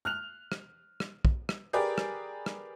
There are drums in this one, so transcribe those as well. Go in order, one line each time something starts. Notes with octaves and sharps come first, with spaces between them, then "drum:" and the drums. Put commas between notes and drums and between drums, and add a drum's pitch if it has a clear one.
F6 F#6 F7
drum: rim click
drum: rim click
drum: kick
drum: rim click
G4 G#4 A#4 B4 D5
drum: rim click
drum: rim click